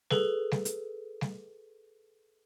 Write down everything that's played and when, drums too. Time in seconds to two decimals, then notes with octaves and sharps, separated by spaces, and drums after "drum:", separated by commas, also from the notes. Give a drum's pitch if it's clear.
0.11 G#4 A4 B4, drum: snare G3
0.52 drum: snare G3
0.65 drum: hi-hat
1.21 drum: snare G3